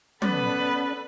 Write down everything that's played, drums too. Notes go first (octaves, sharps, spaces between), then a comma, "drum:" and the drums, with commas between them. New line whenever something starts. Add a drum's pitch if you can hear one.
B3 C#4 A4 B4 D5 A5, drum: tom F#3